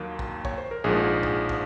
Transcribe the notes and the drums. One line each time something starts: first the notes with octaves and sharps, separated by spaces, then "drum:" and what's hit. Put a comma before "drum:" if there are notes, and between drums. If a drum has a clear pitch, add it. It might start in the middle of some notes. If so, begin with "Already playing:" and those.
Already playing: D#2 D#3 F#3 A#3
drum: kick
C#5, drum: kick
C5
A#4
A#1 G#2 F3 G#4
G#4
drum: kick
drum: kick